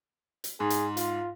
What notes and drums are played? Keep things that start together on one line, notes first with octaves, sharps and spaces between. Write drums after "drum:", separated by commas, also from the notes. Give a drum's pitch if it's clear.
drum: hi-hat
G#2 G#4
drum: hi-hat
F4, drum: hi-hat